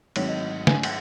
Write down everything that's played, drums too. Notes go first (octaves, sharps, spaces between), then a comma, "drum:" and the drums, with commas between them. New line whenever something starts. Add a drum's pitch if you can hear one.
G#1 G#2 D#3 F#3 C#5, drum: cymbal
D#5
D#5
G#5, drum: snare
drum: cymbal